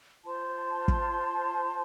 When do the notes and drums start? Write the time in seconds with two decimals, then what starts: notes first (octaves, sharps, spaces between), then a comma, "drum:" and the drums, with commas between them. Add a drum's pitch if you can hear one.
0.24 F4 C5 A5 C6
0.88 drum: kick